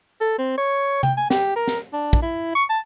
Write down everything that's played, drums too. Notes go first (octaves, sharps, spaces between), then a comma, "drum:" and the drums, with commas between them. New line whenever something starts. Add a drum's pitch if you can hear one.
A4
C4
C#5
G5, drum: tom C3
G#5
G4, drum: snare
A#4
drum: snare
D4
drum: kick
E4
C#6
A5